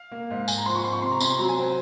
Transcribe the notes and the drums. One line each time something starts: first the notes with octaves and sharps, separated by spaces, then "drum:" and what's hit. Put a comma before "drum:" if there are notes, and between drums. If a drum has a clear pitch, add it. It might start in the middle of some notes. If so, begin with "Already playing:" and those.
Already playing: F5
A#3
G#2
G#2 G#5, drum: tambourine
A#5
F3 C6
C#6
C4 C6
C#6
C3 C6
A#5
C3 C6, drum: tambourine
C6
F#3 A#5
G#5
C4